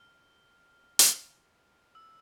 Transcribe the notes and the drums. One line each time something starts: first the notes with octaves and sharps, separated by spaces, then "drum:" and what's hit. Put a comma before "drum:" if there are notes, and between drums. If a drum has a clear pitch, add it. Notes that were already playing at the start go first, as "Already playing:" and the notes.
Already playing: F6
drum: hi-hat
E6